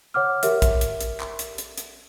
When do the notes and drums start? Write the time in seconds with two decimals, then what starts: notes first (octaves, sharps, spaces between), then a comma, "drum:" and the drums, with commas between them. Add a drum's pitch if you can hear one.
0.14 C#5 F#5 D6 F6
0.43 G4 A#4 E5, drum: hi-hat
0.62 drum: kick A#1, hi-hat
0.81 drum: hi-hat
1.01 drum: hi-hat
1.20 drum: clap
1.39 drum: hi-hat
1.58 drum: hi-hat
1.78 drum: hi-hat